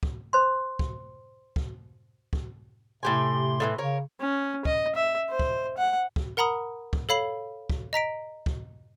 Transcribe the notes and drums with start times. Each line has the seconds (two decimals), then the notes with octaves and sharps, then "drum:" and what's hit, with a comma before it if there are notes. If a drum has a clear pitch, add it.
0.03 drum: kick
0.33 C5 C6
0.79 drum: kick
1.56 drum: kick
2.33 drum: kick
3.03 A2 C3 G4 G#5 C6
3.60 A2 D3 E3
3.78 C#3 A#4 C#5
4.21 C#4
4.65 D#5, drum: kick
4.95 E5
5.30 C5
5.39 drum: kick
5.78 F#5
6.16 drum: kick
6.37 A#4 F#5 A#5 B5 D#6
6.93 drum: kick
7.09 A4 C#5 F5 B5 C7 F#7
7.70 drum: kick
7.93 D#5 A#5 B6 D7
8.46 drum: kick